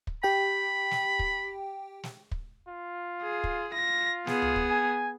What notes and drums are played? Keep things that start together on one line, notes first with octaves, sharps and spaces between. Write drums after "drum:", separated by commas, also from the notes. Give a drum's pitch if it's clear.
drum: kick
G4 G5 B5
drum: snare
drum: kick
drum: snare
drum: kick
F4
G#4
drum: kick
F4 A#6
B3 G#4, drum: snare
drum: tom C#2
drum: kick
G#5